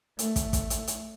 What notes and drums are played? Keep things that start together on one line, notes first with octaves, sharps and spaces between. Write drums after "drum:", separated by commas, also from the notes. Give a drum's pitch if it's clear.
A3, drum: hi-hat
drum: kick, hi-hat
drum: kick, hi-hat
drum: hi-hat
drum: hi-hat